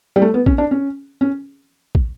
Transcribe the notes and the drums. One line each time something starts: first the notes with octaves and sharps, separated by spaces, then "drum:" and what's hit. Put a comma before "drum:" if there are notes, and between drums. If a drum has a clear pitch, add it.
G3
A3
B3
C#4, drum: kick
D4
C#4
C#4
drum: kick